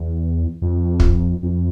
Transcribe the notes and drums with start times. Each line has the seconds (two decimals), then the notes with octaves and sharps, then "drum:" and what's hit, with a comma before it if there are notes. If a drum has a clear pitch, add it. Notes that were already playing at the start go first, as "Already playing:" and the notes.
Already playing: E2
0.62 F2
1.00 drum: kick
1.43 F2